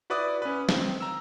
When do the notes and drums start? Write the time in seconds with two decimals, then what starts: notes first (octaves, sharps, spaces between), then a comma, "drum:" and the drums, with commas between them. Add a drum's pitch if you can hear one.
0.10 E4 F#4 B4 D5 D6 D#6
0.42 C#4 B4
0.69 D#3 C4, drum: snare
1.01 A#5 E6